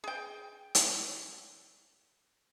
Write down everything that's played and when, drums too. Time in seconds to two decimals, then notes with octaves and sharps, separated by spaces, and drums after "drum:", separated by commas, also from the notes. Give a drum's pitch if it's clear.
0.04 G#4 G5
0.75 drum: hi-hat